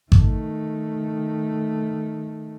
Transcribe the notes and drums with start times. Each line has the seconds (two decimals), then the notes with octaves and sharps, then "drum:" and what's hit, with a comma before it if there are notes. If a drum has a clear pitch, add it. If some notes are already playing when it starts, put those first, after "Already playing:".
0.12 D#3 A3, drum: kick G#1